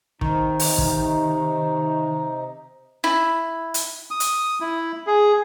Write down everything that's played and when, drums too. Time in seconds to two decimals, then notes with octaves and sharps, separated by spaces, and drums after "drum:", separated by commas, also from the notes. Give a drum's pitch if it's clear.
0.21 C3 D#3 D#4, drum: kick
0.60 drum: open hi-hat
0.78 drum: kick
3.04 E4
3.74 drum: hi-hat
4.11 D#6
4.20 drum: hi-hat
4.61 E4
5.07 G#4